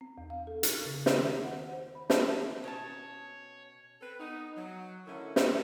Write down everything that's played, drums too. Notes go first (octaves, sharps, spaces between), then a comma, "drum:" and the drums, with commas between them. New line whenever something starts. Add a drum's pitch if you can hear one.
C4
E2
F5
A4
D#4, drum: hi-hat
C#3
drum: snare
D#3
F#5
C5
B5
A5, drum: snare
B2 C#4 C#5 A5
C4 A4 B4
B3 D#4
F#3
D3 D#3 A3 C#4 E4
B2 A3, drum: snare